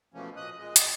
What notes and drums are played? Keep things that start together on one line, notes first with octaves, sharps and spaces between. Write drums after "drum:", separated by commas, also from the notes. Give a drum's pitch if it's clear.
B2 E3 F3 A3 A#3 C#4
A#2 D#5 D#6 F#6
A#2 G#3 D#5
F#4 G4 D5 D#5, drum: hi-hat